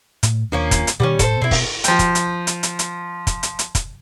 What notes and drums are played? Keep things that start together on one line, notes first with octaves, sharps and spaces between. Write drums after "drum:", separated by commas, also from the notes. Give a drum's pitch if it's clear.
A2, drum: hi-hat
D#2 F3 A#3 C#4 D4
drum: kick, hi-hat
drum: hi-hat
B2 D#3 G3 B3 C#4
A2 A4 C5, drum: kick, hi-hat
B2 C4 E4
drum: kick, open hi-hat
F3 G5, drum: hi-hat
drum: kick, hi-hat
drum: hi-hat
drum: hi-hat
drum: hi-hat
drum: hi-hat
drum: kick, hi-hat
drum: hi-hat
drum: hi-hat
drum: kick, hi-hat